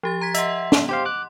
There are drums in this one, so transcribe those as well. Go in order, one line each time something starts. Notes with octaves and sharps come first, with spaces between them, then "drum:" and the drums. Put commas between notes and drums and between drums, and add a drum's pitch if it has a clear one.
F3 G4 A6
A#5 G#6 B6
D#5 E5 F#5 C6, drum: hi-hat
drum: snare
G4 C5 F5 C6
D6 F#6